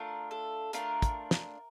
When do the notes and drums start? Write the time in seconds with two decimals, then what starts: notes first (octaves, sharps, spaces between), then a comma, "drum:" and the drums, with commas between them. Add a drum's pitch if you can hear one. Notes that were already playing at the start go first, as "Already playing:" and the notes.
Already playing: A3 D4 F4 A#4
0.31 A4
0.73 A3 D4 F4 A#4, drum: hi-hat
1.02 drum: kick, hi-hat
1.31 drum: snare